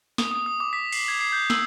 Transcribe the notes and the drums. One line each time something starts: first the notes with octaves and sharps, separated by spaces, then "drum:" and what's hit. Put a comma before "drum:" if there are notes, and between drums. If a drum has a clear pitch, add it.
D#6, drum: snare
D#6
D#6
D6
B6
C7, drum: cymbal
G#6
C7
G6
E6, drum: snare